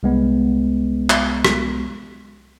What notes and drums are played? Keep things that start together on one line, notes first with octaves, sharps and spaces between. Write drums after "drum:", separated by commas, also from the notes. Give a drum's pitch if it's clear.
C2 G#3 B3
drum: clap
drum: rim click